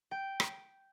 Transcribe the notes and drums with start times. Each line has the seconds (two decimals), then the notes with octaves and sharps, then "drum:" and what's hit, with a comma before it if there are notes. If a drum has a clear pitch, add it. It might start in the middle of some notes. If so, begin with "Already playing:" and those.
0.11 G5
0.40 drum: rim click